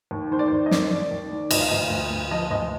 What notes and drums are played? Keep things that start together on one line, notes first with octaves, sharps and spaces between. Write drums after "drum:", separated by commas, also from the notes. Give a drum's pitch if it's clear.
D#2
D#3 C5
D5
D#2 C5
D#5
D#2 D5, drum: snare
D#2
D#2
D#3
D2 D#5, drum: cymbal
F5
D2 D#5
D2
D2
F3 D#5
D2 D#5